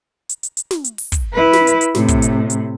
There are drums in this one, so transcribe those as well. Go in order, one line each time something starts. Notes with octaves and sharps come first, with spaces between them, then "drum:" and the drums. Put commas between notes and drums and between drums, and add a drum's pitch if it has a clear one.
drum: hi-hat
drum: hi-hat
drum: hi-hat
drum: snare
drum: hi-hat
drum: open hi-hat
drum: kick, hi-hat
E4 B4
drum: snare
drum: hi-hat
drum: hi-hat
A2 C3, drum: snare
drum: kick, hi-hat
drum: hi-hat
drum: hi-hat